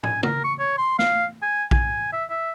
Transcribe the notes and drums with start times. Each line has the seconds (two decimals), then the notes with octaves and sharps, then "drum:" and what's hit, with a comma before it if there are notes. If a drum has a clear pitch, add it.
0.03 G#5, drum: tom
0.23 A#4, drum: tom
0.44 C#6
0.59 C#5
0.78 C6
0.99 F5, drum: snare
1.42 G#5
1.71 G#5, drum: kick A#1
2.13 E5
2.30 E5